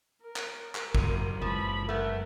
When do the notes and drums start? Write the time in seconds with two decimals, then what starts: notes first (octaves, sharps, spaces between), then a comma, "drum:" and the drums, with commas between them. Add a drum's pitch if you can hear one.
0.22 A#4
0.36 drum: clap
0.75 drum: clap
0.95 F#1 F#2 C3, drum: kick
1.42 D3 E3 F3 G#3 B5
1.89 A3 B3 A#4